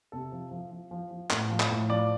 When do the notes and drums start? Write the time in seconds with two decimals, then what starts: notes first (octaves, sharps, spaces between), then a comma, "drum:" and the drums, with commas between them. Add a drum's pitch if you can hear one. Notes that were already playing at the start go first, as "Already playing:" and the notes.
0.12 C3 A4
0.32 F3
0.51 F3
0.71 F3
0.91 F3
1.11 F3
1.31 A2, drum: clap
1.50 F3
1.60 drum: clap
1.70 A2
1.89 F3 D5